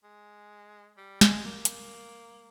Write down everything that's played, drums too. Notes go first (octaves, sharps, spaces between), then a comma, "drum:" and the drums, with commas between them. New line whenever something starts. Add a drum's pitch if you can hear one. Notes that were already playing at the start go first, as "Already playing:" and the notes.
G#3
G3
G#3, drum: snare
A#3
drum: hi-hat